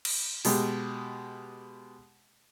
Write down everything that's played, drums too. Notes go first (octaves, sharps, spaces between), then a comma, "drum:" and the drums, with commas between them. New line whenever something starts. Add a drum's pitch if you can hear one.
drum: cymbal
B2 G#3 G4, drum: open hi-hat